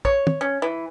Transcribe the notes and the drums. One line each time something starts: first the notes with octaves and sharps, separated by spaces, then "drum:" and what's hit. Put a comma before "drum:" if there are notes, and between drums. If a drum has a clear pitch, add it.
C#5, drum: kick
drum: tom
C#4
E3